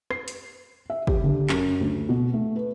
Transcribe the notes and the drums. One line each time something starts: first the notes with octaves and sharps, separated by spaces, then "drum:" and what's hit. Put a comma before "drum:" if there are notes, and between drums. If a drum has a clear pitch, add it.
C7, drum: rim click
drum: hi-hat
E5
G4, drum: kick
D3
F#2, drum: clap
D2
B2
A3
B4